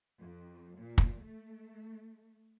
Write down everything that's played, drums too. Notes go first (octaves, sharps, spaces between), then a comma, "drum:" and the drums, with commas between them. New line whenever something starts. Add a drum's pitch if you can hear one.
F2
A#2
drum: kick
A3